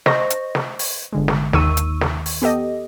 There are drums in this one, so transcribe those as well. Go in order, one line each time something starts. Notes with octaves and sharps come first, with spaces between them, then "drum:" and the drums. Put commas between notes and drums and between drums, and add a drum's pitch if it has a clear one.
C5 D#5 C#6 A#6, drum: snare
drum: hi-hat
drum: snare
drum: open hi-hat
G1 D3 G#3
drum: snare
D#2 D#3 C#6 E6 D#7, drum: snare
drum: hi-hat
drum: snare
drum: open hi-hat
B3 G4 A4 D#5